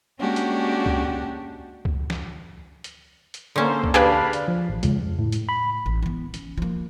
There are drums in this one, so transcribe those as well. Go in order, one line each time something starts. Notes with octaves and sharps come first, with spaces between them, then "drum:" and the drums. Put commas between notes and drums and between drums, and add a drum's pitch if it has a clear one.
G#3 A#3 C#4 D4 F#4 G4
drum: hi-hat
drum: kick C#2
drum: kick C#2
drum: snare
drum: hi-hat
drum: hi-hat
D3 A#3 C#4 A4 C5
drum: kick C#2
D4 G4 G#4 B4 F5 B5
drum: hi-hat
F3
A1
C#2, drum: kick C#2, hi-hat
F2
A2
drum: hi-hat
B5
A1
E3 B3
C#4, drum: hi-hat
F3 A#3